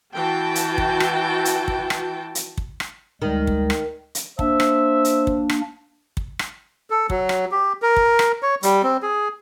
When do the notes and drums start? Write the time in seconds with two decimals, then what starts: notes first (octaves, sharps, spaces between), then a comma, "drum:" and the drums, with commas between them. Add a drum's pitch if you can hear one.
0.15 E3 F#4 G5 A5
0.55 drum: hi-hat
0.78 drum: kick
1.00 drum: rim click
1.45 drum: hi-hat
1.68 drum: kick
1.90 drum: rim click
2.35 drum: hi-hat
2.58 drum: kick
2.80 drum: rim click
3.22 D2 D#3 G3 G#3
3.47 drum: kick
3.70 drum: rim click
4.15 drum: hi-hat
4.39 A#3 D4 C5 E5, drum: kick
4.60 drum: rim click
5.05 drum: hi-hat
5.27 drum: kick
5.49 drum: rim click
6.17 drum: kick
6.39 drum: rim click
6.90 A4
7.10 F#3, drum: kick
7.29 drum: rim click
7.52 G4
7.82 A#4
7.96 drum: kick
8.19 drum: rim click
8.42 C#5
8.63 G3, drum: hi-hat
8.83 C4
9.02 G#4